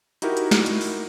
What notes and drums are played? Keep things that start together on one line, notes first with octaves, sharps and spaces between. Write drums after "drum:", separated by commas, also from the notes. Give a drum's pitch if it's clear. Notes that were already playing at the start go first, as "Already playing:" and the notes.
D#4 E4 F#4 G4 A#4, drum: hi-hat
drum: hi-hat
drum: snare
drum: hi-hat
drum: open hi-hat